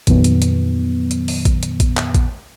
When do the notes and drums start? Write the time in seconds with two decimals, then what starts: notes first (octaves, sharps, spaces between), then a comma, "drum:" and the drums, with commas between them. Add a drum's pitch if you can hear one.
0.07 F2 A#2 D#3 F#3 B3, drum: kick A1, hi-hat
0.24 drum: hi-hat
0.42 drum: hi-hat
1.11 drum: hi-hat
1.28 drum: open hi-hat
1.45 drum: kick A1, hi-hat
1.63 drum: hi-hat
1.80 drum: kick A1, hi-hat
1.97 drum: clap
2.15 drum: kick A1, hi-hat